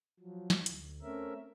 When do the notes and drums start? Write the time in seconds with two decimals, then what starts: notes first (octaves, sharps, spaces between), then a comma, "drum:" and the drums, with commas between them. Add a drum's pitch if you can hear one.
0.20 F3 F#3
0.50 drum: snare
0.66 D2, drum: hi-hat
1.02 A3 C4 C#4 A#4 E5